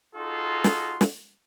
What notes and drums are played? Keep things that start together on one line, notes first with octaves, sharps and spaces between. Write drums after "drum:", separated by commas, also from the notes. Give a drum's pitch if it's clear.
D#4 F4 F#4 G#4 A4 C6
drum: snare
drum: snare